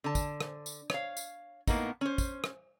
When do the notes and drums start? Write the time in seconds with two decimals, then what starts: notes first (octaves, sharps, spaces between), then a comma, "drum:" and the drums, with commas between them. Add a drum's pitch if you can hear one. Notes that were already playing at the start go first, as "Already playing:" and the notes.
0.04 D3 A5
0.15 drum: kick, tambourine
0.41 drum: rim click
0.66 drum: tambourine
0.90 C#5 F5, drum: rim click
1.17 drum: tambourine
1.68 A2 A#3 B3 D#4, drum: kick, tambourine
2.01 C#4 C5
2.18 drum: kick, tambourine
2.44 drum: rim click